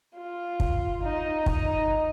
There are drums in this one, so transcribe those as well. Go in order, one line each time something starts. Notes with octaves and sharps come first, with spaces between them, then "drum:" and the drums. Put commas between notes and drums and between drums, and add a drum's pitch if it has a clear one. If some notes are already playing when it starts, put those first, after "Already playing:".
F4
drum: kick
D#4
D#4, drum: kick